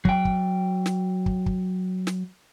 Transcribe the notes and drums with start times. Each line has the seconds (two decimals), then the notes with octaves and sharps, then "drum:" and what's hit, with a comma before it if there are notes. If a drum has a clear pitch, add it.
0.05 F#3 G5, drum: kick
0.25 drum: kick
0.86 drum: snare
1.26 drum: kick
1.46 drum: kick
2.07 drum: snare